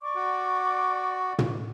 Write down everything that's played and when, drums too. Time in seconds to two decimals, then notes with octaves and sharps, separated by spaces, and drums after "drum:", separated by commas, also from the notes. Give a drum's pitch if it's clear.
0.01 D5 C#6 D6
0.15 F#4
1.39 drum: tom